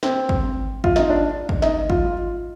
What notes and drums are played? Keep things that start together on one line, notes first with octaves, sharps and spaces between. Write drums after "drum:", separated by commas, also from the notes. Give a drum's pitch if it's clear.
C4, drum: snare
drum: kick
F4, drum: kick
D#4, drum: snare
D4
drum: kick
D#4, drum: snare
F4, drum: kick